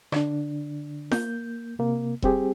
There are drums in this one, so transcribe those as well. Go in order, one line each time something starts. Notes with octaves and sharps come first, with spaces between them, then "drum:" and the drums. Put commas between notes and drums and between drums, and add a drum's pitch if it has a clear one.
D3 D4, drum: rim click
A#3 G6, drum: snare F4
C3 A#3
G3 C4 G4 G#4, drum: kick E1